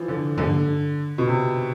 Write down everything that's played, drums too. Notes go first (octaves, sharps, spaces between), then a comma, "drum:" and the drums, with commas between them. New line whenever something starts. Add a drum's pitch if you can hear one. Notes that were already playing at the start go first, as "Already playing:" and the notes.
Already playing: E3 F3
D3
D3, drum: tom G2
B2
C3